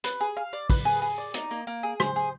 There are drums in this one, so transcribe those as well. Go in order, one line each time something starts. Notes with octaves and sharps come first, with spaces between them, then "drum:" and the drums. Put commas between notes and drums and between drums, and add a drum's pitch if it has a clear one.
B4, drum: hi-hat
G#4
F5
D5
B4, drum: kick, open hi-hat
G#4
G#4
D5
D#4, drum: hi-hat
A#3
A#3
G#4
C5, drum: rim click
G#4